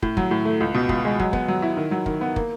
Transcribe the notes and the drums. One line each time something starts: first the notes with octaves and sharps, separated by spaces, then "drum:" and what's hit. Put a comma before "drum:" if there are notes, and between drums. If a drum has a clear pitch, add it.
A2, drum: kick
F#3, drum: kick
A2
A3
C#2
B2
C#2, drum: kick
G#3
F#3, drum: kick
B3, drum: kick
F#3
E4
D#3
F#3
D#3, drum: kick
B3
A#3, drum: kick